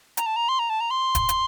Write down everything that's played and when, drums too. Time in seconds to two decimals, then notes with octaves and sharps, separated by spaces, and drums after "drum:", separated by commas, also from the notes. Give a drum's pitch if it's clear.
0.17 A#5, drum: hi-hat
0.26 A5
0.36 A#5
0.49 C6
0.59 A#5
0.70 A5
0.80 A#5
0.90 C6
1.15 drum: kick, hi-hat
1.29 drum: hi-hat